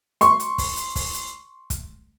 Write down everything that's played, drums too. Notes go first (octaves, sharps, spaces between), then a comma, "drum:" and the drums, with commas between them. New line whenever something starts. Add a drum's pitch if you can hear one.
C6 C#6, drum: hi-hat
drum: hi-hat
drum: kick, open hi-hat
drum: hi-hat
drum: kick, open hi-hat
drum: hi-hat
drum: kick, hi-hat